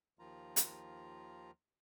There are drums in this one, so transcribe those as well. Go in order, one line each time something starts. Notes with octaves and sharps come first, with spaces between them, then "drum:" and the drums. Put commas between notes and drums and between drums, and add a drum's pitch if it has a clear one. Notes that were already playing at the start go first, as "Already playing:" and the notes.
D#2 D#3 F3 F4 A#5
drum: hi-hat